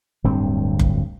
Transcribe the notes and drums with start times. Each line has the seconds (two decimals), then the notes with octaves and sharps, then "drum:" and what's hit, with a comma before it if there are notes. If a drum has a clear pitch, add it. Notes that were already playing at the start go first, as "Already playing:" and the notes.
0.24 D1 D2 G2 C4
0.79 drum: kick F#1